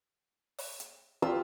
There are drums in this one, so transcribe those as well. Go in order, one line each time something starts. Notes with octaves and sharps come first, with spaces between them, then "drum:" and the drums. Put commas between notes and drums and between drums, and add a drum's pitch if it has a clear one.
drum: open hi-hat
drum: hi-hat
F4 G4 E6